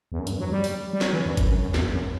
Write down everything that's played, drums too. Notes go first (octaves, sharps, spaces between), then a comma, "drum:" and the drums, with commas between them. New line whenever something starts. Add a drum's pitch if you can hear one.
E2
F#2
G2, drum: hi-hat
F#3
G3
drum: open hi-hat
G3
F#3, drum: snare
E3
F#2
F#2, drum: kick G1, hi-hat
F#2
F#2
E2, drum: snare
F#2